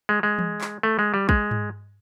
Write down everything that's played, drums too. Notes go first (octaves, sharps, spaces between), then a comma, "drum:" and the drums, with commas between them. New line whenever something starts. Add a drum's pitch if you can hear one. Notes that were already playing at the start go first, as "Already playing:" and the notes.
G#3
G#3
drum: tom E3
drum: clap
A3
G#3
G3
G#3, drum: kick
drum: tom G#2